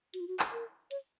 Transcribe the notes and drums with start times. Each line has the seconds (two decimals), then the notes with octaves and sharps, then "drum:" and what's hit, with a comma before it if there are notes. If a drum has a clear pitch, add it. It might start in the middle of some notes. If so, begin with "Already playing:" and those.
0.14 F#4, drum: hi-hat
0.20 F4
0.28 F#4
0.39 drum: clap
0.52 A#4
0.91 C#5, drum: hi-hat